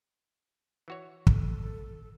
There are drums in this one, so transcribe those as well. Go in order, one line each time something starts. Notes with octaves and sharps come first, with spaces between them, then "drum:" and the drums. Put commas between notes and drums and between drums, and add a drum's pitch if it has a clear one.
E3 F#4 C#5
A4, drum: kick